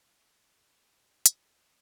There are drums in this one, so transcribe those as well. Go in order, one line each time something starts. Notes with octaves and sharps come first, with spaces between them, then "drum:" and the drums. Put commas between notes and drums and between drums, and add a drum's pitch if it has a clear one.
G5 D6
F4 B4 C6 D6 D#6 C7
drum: hi-hat
D#5 A5